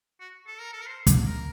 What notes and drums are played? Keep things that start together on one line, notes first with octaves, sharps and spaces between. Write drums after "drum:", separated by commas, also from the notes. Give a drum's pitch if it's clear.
F#4
A4
A#4
A4
A#4
C5
drum: kick, hi-hat
A#4